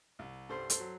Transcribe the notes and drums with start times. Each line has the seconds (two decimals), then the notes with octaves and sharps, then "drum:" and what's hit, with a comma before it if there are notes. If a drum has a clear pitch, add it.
0.19 C2
0.49 G2 A4 C5
0.70 A4 C5, drum: hi-hat
0.80 F#3